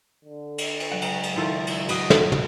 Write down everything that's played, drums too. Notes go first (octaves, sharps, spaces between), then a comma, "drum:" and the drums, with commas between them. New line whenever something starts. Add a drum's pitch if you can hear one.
D3
drum: cymbal
drum: cymbal
C#2 F#3 F#5
drum: cymbal
drum: cymbal
D#3 E4 F4 A4
drum: cymbal
F#4 B4 D#5, drum: cymbal
drum: snare
drum: tom